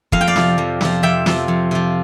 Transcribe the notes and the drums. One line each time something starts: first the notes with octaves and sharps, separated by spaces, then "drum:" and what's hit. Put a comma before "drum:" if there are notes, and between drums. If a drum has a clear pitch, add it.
F2 F5, drum: kick
G5
D5 F5
C3 F3, drum: snare
F2
C3 F3, drum: snare
F2 E5 G5
C3 F3, drum: snare
F2
C3 F3